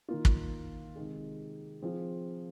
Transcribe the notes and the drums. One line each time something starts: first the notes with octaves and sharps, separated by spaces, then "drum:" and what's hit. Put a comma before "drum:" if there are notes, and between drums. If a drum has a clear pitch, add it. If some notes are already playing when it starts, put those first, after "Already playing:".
D#3 A#3 F4
drum: kick
C3 D#3 G#3 D#4 G#4
F3 C4 F4 G#4